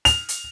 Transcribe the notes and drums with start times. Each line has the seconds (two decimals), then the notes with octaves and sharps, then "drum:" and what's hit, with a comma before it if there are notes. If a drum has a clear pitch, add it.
0.05 F7, drum: hi-hat
0.29 drum: hi-hat